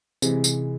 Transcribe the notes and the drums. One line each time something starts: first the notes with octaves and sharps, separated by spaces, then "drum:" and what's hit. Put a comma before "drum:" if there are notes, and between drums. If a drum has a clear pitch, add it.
C3 E3 G#3, drum: tambourine
drum: tambourine